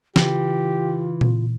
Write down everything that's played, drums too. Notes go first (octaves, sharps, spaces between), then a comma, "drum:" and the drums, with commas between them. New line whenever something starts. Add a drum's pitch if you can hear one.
C#3 E3 F4 G4, drum: snare
drum: tom A#2